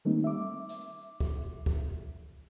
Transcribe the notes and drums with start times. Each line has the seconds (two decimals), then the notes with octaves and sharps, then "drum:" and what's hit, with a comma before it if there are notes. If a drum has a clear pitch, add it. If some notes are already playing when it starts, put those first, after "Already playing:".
0.05 D#3 G3 A3 A#3 C4 D#4
0.24 E5 D6
0.69 drum: hi-hat
1.20 drum: kick
1.66 drum: kick